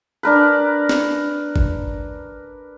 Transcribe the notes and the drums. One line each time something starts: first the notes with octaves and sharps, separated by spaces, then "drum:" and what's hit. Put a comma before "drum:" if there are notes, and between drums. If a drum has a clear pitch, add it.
D4 A#4 B4
drum: snare
drum: kick